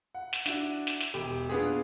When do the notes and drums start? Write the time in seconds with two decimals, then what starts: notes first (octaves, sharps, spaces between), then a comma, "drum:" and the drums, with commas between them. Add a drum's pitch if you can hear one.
0.15 F#5
0.33 drum: snare
0.46 D4 E4 F#4, drum: snare
0.87 drum: snare
1.00 drum: snare
1.14 E1 G4
1.49 A#2 B3 D4 G#4